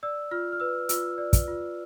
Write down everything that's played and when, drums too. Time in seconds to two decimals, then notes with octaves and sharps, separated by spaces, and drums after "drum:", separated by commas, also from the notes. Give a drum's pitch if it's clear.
0.03 D5 E6
0.31 F4 F6
0.52 F6
0.60 B4 E6
0.89 F4 E6, drum: hi-hat
1.18 D5
1.33 drum: kick, hi-hat
1.48 F4